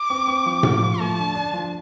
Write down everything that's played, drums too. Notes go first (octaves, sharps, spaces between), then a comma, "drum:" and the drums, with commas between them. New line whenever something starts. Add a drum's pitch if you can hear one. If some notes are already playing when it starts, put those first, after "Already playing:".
Already playing: D6
C4
C4
F3
A3, drum: tom A2
F3
A3 A5
D3
D4
F3